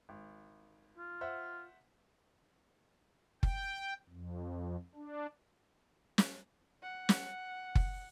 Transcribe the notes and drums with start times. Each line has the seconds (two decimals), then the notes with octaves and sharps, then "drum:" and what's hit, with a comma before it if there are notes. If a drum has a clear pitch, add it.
0.09 G#1
0.97 F4
1.21 C5 E5 F#5
3.43 G5, drum: kick F#1
4.09 F2
4.95 D4
6.18 drum: snare
6.82 F#5
7.09 drum: snare
7.75 drum: kick F#1